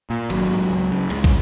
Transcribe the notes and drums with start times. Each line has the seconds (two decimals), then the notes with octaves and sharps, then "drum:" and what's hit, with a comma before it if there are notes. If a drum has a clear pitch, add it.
0.10 A#2
0.30 G#1 F#3, drum: cymbal
0.51 G#2
0.70 C#2
0.91 C#3
1.10 C#2 G#3, drum: cymbal
1.24 drum: kick